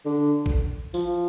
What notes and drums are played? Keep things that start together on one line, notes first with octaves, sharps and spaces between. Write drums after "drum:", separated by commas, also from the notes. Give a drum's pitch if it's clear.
D3
drum: kick
F3, drum: tambourine